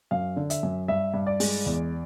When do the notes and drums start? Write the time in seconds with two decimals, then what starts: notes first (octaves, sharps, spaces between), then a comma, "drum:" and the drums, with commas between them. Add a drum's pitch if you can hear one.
0.11 F#2 F5
0.36 D3
0.50 E5, drum: hi-hat
0.63 F#2
0.88 G2 E5
1.14 G2
1.27 D5
1.40 G#3, drum: open hi-hat
1.66 E2